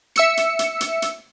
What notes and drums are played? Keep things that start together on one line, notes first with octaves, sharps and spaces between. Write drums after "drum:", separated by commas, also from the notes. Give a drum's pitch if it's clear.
E5 E6 C#7, drum: hi-hat
drum: hi-hat
drum: hi-hat
drum: hi-hat
drum: hi-hat